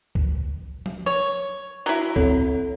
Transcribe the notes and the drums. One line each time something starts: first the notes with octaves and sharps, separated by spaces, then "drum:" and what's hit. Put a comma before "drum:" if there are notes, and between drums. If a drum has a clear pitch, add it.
drum: kick C#2
drum: tom F3
C#5
F#3 E4
C4 A4 C#5, drum: kick C#2